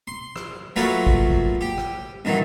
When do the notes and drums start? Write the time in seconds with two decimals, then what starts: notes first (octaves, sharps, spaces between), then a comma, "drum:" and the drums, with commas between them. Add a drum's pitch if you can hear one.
0.08 C6
0.36 drum: rim click
0.76 F#3 A3 A#3 F4 B4 C#5
1.07 drum: kick
1.30 drum: kick
1.61 G4
1.78 drum: rim click
2.25 G2 D#3 E3 F#3